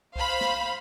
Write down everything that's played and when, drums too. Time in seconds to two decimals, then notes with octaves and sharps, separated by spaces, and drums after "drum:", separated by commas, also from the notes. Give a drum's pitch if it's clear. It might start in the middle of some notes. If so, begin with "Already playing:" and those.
0.16 C5 F5 B5, drum: kick C2
0.41 drum: snare